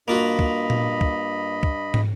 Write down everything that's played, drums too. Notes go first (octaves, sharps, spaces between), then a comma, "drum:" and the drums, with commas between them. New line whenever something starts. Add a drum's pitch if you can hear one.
G2 A#3 F4 F#4 D#5 B5
drum: kick
drum: tom A#2
drum: kick
drum: kick
drum: tom